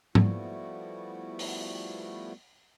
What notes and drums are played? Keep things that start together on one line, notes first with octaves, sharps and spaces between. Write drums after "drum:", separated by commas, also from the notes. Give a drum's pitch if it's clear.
F3 G3 A3 B3 E4 F#4, drum: tom G#2
drum: open hi-hat